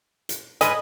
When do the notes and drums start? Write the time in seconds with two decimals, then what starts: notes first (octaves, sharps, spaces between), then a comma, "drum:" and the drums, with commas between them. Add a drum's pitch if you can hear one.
0.29 drum: hi-hat
0.61 G#2 B4 D#5 G#5, drum: hi-hat